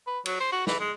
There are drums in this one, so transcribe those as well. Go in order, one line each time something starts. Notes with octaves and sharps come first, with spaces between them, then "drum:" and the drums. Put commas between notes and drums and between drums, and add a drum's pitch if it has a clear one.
B4
F#3, drum: cymbal
C5
F#4
E3, drum: snare
G#3